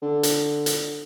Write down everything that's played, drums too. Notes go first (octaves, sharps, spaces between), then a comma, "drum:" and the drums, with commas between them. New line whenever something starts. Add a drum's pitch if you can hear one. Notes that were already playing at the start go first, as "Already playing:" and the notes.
D3
drum: hi-hat
drum: hi-hat